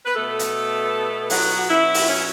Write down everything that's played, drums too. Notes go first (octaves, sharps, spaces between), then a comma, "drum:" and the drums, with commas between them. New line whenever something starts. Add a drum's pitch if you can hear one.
B4
B2 A3 B3 A4
drum: hi-hat
F#3 F#4, drum: open hi-hat
F#4
B2 F#3 C#4 E4
drum: open hi-hat
C#4